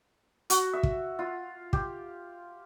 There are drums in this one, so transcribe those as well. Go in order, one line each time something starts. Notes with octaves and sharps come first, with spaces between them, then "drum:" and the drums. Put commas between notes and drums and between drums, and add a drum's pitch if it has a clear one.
F#4, drum: hi-hat
E5
drum: kick
F4
G4, drum: kick